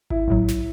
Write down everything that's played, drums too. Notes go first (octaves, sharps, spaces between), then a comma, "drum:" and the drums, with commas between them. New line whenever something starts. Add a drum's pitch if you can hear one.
E4, drum: kick G#1
B1 A2 F#3
drum: snare